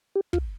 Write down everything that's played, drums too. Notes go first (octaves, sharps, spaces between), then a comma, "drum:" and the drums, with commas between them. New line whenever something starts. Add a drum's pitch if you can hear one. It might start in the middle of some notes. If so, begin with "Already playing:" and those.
G4
F4, drum: kick